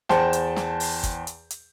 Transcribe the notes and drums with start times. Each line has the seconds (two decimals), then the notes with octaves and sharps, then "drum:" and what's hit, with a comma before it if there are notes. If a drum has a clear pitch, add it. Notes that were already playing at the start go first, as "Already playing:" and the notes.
0.09 E2 C5 G5 A5, drum: snare
0.33 drum: hi-hat
0.56 drum: snare
0.80 drum: open hi-hat
1.03 drum: kick, hi-hat
1.27 drum: hi-hat
1.51 drum: hi-hat